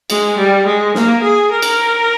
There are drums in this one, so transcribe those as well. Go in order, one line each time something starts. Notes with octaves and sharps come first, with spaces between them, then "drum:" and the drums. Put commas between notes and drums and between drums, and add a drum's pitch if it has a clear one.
G#3, drum: cymbal
G3
G#3
A#3, drum: snare
G#4
A#4
drum: cymbal